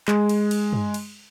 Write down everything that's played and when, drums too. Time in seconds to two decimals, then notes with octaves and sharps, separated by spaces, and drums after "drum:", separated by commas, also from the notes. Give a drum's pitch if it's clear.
0.08 G#3, drum: clap
0.29 drum: cymbal
0.51 drum: cymbal
0.73 drum: tom G2
0.94 drum: cymbal